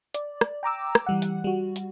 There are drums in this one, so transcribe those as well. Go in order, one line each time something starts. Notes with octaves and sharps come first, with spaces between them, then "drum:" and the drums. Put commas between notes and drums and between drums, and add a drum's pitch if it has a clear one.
D5, drum: hi-hat
drum: rim click
G5 A#5 D6 E6
drum: rim click
E3 G3 F#5
drum: hi-hat
G3 F#4
drum: hi-hat